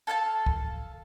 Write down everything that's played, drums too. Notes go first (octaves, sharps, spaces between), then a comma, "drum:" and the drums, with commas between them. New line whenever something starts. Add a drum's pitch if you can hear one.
A4 F5 G5 A5
drum: kick